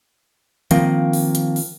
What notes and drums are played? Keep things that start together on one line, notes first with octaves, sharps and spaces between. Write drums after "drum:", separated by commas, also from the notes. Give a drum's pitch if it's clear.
D#3 F3 A#3 C4, drum: hi-hat
drum: open hi-hat
drum: hi-hat
drum: open hi-hat